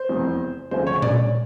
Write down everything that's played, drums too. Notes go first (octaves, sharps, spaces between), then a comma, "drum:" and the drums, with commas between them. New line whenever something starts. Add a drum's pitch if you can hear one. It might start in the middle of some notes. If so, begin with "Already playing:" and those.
Already playing: C5
F1 E2 C3
D2 C#3 F3 A3 C#4 C5
C#5
D5, drum: tom A#2